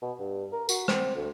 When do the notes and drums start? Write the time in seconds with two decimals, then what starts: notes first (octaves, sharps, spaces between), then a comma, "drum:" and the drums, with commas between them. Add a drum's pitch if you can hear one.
0.01 B2
0.19 G2
0.52 A#4
0.69 F#4, drum: tambourine
0.88 C4, drum: rim click
1.16 D2